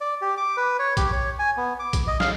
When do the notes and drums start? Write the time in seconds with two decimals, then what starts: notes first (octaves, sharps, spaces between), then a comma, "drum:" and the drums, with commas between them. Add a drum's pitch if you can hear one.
0.01 D5
0.21 G4
0.37 D6
0.57 B4
0.79 C#5
0.97 G4, drum: kick A#1, hi-hat
1.12 C#5
1.39 G#5
1.57 B3
1.80 D6
1.93 drum: kick A#1, hi-hat
2.07 D#5
2.20 F5, drum: snare